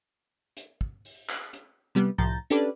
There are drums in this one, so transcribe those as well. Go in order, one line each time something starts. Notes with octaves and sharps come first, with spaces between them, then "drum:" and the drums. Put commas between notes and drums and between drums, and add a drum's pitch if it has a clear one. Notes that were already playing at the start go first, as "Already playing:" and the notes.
drum: hi-hat
drum: kick
drum: open hi-hat
drum: clap
drum: hi-hat
C3 G3 B3
C2 A2 F3 A#5 G6 A6
C#4 D4 G4 A4 B4 D5, drum: hi-hat